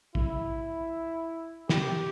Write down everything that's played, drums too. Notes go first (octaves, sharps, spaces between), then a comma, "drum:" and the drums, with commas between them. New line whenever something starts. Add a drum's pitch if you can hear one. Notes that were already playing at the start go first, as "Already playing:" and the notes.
E4, drum: kick
G4, drum: snare